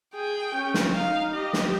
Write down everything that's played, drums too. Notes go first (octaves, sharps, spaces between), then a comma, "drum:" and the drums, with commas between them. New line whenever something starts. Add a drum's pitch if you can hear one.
G#4 G5
C#4
drum: snare
D#4 F5
G4 D#5
drum: snare